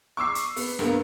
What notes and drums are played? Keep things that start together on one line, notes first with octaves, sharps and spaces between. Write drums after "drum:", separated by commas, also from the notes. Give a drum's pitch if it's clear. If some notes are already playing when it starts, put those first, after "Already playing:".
C#6 D6 E6 C7
drum: hi-hat
B3, drum: open hi-hat
G2 A#3 B3, drum: rim click